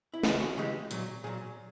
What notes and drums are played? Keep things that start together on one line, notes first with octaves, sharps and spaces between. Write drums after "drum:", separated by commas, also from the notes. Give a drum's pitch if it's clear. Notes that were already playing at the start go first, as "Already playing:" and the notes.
E4
C#3 E3 G#3 F4, drum: snare
F#4
C#3 E3 G#3 G4
A#2 F#3, drum: hi-hat
A#2 F#3 G#4